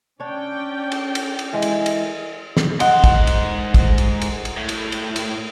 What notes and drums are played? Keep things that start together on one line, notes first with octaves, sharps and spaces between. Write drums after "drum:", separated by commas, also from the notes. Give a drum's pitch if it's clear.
C#4 D4 C#5 D5 G5
drum: cymbal
drum: cymbal
drum: cymbal
E3 G#3
drum: cymbal
drum: cymbal
drum: snare
G#2 D#5 F#5 C6, drum: cymbal
drum: kick, cymbal
drum: cymbal
drum: kick, cymbal
drum: cymbal
drum: cymbal
drum: cymbal
A2
drum: cymbal
drum: cymbal
drum: cymbal